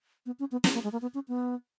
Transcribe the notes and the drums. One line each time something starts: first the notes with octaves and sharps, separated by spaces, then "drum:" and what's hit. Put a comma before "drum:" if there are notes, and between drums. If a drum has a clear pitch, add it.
B3
C#4
B3
B3, drum: snare
A#3
G#3
A#3
B3
C#4
B3